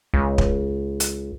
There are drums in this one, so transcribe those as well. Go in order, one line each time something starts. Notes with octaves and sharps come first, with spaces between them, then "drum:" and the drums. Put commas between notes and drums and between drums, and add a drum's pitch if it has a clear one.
C#2
drum: kick
drum: hi-hat